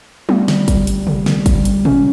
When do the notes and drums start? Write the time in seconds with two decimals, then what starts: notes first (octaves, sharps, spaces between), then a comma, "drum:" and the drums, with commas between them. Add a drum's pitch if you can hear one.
0.29 G3, drum: tom G#3
0.48 drum: snare
0.68 drum: kick, hi-hat
0.87 drum: hi-hat
1.07 drum: tom C3
1.26 drum: snare
1.46 drum: kick, hi-hat
1.65 drum: hi-hat
1.85 C#4, drum: tom A#2